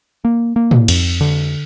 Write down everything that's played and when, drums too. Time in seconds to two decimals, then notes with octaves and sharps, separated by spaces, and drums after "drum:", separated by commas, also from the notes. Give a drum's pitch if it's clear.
0.25 A#3
0.56 A#3
0.71 drum: tom
0.88 F2, drum: cymbal
1.21 D3